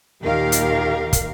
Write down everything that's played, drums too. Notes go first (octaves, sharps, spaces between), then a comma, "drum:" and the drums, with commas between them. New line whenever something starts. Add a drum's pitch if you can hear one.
D#2 A#2 D#3 G4 A#4 F5
drum: hi-hat
drum: kick, hi-hat